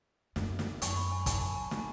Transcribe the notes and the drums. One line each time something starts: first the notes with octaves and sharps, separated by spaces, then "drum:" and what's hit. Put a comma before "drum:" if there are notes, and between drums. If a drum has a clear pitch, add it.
F#2, drum: snare
drum: snare
F#2 C#6, drum: hi-hat
B5
G#5
A5, drum: kick, hi-hat
G#5
A5
A5, drum: snare